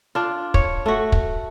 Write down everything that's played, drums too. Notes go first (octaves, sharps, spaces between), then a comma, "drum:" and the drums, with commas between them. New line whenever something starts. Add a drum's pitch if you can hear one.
D4 F4
C#5, drum: kick
A3 F#4
drum: kick